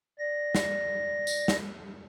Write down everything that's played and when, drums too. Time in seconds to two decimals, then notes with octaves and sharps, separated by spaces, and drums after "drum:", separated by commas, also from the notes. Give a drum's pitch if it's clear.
0.19 D5 A#6
0.55 drum: snare
1.27 drum: tambourine
1.48 drum: snare